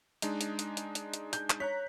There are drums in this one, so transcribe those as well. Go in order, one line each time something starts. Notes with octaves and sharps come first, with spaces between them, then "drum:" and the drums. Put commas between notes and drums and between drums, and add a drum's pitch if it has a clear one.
G#3 D4 D#4, drum: hi-hat
drum: hi-hat
drum: hi-hat
drum: hi-hat
drum: hi-hat
drum: hi-hat
G6, drum: hi-hat
drum: clap
C#5 A#5 F#6 B6